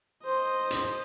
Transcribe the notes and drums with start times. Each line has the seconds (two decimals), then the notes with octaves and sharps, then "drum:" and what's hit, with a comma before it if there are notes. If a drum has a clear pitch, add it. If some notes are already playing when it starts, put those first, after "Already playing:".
0.23 C5 D#5
0.71 drum: hi-hat